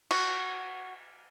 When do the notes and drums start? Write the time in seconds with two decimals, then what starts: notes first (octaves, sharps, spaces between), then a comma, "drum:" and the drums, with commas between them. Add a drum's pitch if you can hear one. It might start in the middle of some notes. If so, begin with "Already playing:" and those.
0.11 F#4, drum: cymbal